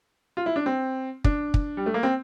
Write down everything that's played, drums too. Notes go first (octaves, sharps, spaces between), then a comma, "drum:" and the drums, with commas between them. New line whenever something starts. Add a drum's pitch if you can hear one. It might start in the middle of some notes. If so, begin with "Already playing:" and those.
F4
E4
D4
C4
D4, drum: kick
drum: kick
G3
A3
A#3
C4